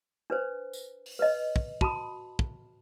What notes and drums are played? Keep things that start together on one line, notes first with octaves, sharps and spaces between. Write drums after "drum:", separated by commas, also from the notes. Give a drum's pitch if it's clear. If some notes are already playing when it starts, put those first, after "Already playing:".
D4 B4 C5
drum: tambourine
drum: open hi-hat
B4 C#5 D#5
drum: kick
F#4 A5 B5 C6 D#6, drum: kick
drum: kick